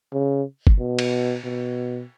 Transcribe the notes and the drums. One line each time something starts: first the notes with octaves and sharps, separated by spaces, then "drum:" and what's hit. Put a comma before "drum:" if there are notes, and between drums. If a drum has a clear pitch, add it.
C#3
drum: kick F#1
B2
drum: cymbal
B2